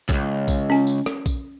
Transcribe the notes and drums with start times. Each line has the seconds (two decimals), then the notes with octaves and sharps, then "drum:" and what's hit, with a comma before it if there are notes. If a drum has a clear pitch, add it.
0.09 C#2 F#2, drum: kick A#1, tambourine
0.48 drum: kick A#1, tambourine
0.70 C#4 G#5
0.87 drum: tambourine
1.06 drum: rim click
1.26 drum: kick A#1, tambourine